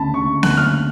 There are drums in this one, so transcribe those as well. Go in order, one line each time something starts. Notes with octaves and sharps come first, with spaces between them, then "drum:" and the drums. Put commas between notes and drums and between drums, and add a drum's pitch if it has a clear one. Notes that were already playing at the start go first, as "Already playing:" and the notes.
Already playing: D2 C#3 A5 B5
D2 C#6
D2 F#6, drum: snare B3
F6